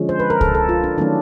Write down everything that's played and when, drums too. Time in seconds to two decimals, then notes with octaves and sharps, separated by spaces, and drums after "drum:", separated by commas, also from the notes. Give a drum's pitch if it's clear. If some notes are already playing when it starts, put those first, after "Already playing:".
Already playing: D3 F3 G#3 C#4
0.09 C5
0.19 B4
0.30 A#4
0.41 A4, drum: kick C2
0.55 A4
0.69 F4
0.84 D4
0.98 D#3 F#3 A3 C#4 D4